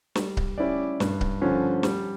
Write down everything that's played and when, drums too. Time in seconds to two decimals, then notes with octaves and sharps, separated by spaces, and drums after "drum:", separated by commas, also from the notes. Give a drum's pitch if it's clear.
0.15 G3, drum: snare
0.37 drum: kick C#1
0.58 C#4 E4 G4 D5
1.00 G2, drum: snare
1.21 drum: kick C#1
1.42 D3 F3 C#4
1.83 G3, drum: snare